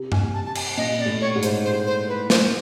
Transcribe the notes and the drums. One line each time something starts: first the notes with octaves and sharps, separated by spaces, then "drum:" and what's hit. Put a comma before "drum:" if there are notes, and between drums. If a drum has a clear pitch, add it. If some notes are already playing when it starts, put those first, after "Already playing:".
Already playing: C3
G#5, drum: tom G2
A5
A5
G#5, drum: cymbal
A#2 D#5
D5
A2
C#5
G#2
C5, drum: hi-hat
C5
C5
B4
C5, drum: snare